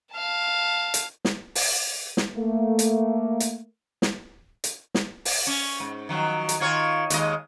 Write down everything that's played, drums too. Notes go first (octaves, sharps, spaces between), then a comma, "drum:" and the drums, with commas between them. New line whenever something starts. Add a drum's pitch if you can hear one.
F5 A5
drum: hi-hat
drum: snare
drum: open hi-hat
drum: snare
A3 A#3
drum: hi-hat
drum: hi-hat
drum: snare
drum: hi-hat
drum: snare
drum: open hi-hat
C#4
G#2
D#3 F3 F#3
drum: hi-hat
D#3 F4 C#5
D#2 G#3 D#5, drum: hi-hat